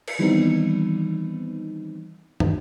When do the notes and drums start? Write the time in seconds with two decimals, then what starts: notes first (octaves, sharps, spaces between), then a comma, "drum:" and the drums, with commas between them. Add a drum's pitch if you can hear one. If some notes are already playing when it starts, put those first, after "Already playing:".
0.07 drum: cymbal
0.19 D#3 E3 G3 B3 C4 D#4
2.40 drum: tom